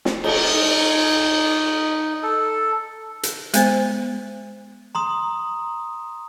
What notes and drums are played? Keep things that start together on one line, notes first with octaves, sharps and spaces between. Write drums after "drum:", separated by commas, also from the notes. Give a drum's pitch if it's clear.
drum: snare
D#4, drum: cymbal
A4
drum: hi-hat
G#3 B3 C5, drum: hi-hat
A#5 C6 D#6